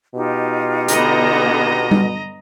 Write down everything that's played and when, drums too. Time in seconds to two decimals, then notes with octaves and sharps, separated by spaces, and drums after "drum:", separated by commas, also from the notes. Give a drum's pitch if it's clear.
0.14 B2 D#4 F4 G4
0.88 D3 B3 D#5 A#5, drum: hi-hat
1.91 drum: tom G3